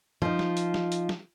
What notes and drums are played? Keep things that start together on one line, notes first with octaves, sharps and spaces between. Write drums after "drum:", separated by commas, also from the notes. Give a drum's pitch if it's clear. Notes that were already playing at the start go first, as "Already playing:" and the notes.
F3 D#4, drum: tom
drum: snare
drum: hi-hat
drum: snare
drum: hi-hat
drum: snare